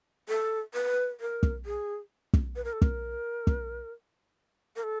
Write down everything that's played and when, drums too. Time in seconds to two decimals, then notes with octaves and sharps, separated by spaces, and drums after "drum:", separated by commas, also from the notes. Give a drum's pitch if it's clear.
0.29 A4
0.74 B4
1.20 A#4
1.43 drum: kick
1.65 G#4
2.33 drum: kick
2.56 B4
2.65 A#4
2.73 A4
2.82 A#4, drum: kick
3.47 drum: kick
4.76 A#4
4.83 A4